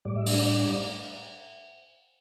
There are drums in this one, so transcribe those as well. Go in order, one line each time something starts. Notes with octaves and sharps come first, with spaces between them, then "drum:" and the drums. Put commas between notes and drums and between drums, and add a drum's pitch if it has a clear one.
A2 G3 D5
E5
D4 D5, drum: open hi-hat